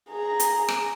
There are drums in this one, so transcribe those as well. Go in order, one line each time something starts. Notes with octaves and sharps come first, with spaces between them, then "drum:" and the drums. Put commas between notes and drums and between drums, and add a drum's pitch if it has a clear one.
G#4 A#5
drum: hi-hat
drum: rim click